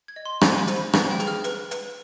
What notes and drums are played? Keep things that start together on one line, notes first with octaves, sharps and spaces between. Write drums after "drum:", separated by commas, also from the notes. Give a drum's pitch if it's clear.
G#6
D#5
C6
C5 G#5, drum: rim click
G#5
C5, drum: hi-hat
B5
B4, drum: rim click
G5
G#4, drum: hi-hat
F6
B4, drum: hi-hat
B4, drum: hi-hat